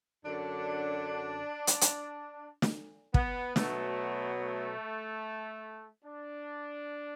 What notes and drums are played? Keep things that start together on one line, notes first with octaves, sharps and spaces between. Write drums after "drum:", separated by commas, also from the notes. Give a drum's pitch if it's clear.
F#2 D3 F#3 D4
drum: hi-hat
drum: hi-hat
drum: snare
B3, drum: kick
B2 F#3 A3, drum: snare
A3
D4